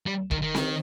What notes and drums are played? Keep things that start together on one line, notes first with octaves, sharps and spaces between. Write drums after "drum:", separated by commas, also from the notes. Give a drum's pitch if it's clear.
G3
D#3, drum: kick
D#3
drum: snare C4